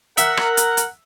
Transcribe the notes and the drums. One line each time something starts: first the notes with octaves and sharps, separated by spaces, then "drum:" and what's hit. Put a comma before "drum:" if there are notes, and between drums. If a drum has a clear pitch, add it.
A#4 E5 F#5, drum: hi-hat
drum: rim click
drum: hi-hat
drum: hi-hat